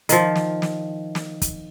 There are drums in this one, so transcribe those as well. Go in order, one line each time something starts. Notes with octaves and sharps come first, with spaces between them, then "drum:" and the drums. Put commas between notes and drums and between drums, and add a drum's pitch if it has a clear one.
D#3 F3, drum: hi-hat
drum: snare
drum: snare
drum: snare
drum: kick, hi-hat